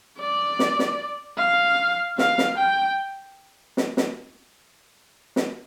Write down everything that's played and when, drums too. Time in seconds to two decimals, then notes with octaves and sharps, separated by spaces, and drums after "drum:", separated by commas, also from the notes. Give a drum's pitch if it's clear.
0.19 D5
0.59 drum: snare
0.79 drum: snare
1.38 F5
2.18 F5, drum: snare
2.38 drum: snare
2.58 G5
3.77 drum: snare
3.97 drum: snare
5.36 drum: snare